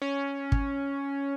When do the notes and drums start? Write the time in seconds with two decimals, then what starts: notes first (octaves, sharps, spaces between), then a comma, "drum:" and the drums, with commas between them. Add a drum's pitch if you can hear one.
0.02 C#4
0.52 drum: kick